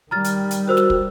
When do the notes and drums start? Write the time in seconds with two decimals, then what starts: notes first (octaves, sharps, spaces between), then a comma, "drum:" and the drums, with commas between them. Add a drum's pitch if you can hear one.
0.11 D#3 G3 A#5 F6 A6
0.24 drum: hi-hat
0.51 drum: hi-hat
0.68 F#4 A#4 C5 E6
0.77 drum: snare
0.90 drum: kick